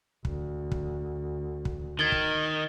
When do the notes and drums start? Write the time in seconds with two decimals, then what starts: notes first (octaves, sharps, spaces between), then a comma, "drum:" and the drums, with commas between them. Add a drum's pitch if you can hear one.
0.25 D2, drum: kick
0.72 drum: kick
1.65 drum: kick
1.99 D#3 G#6 A6 G7
2.12 drum: kick